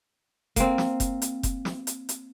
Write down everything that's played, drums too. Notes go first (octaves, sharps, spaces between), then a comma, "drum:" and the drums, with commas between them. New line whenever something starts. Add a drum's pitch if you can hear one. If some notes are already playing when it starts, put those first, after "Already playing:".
A#3 C4, drum: kick F1, hi-hat
drum: snare
drum: kick F1, hi-hat
drum: hi-hat
drum: kick F1, hi-hat
drum: snare
drum: hi-hat
drum: hi-hat